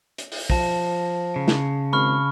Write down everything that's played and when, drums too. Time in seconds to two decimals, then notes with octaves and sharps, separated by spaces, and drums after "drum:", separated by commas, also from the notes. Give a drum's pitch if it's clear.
0.18 drum: hi-hat
0.32 drum: open hi-hat
0.50 F3 A5 A#6, drum: kick
1.36 C#3
1.48 drum: snare
1.93 G#1 B5 C#6 F6